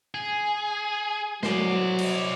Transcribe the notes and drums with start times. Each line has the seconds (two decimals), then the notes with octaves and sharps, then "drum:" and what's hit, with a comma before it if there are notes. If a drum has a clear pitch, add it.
0.14 G#4
1.43 F#3 C5 D5, drum: snare
1.98 drum: cymbal